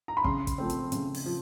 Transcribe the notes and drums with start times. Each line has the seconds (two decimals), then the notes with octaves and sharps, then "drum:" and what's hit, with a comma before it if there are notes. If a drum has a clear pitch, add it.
0.08 A#5
0.17 B5
0.24 C#3 C6, drum: kick
0.47 drum: kick, hi-hat
0.58 F3 A3 C4
0.70 drum: hi-hat
0.92 C#3, drum: hi-hat
1.15 drum: open hi-hat
1.26 F3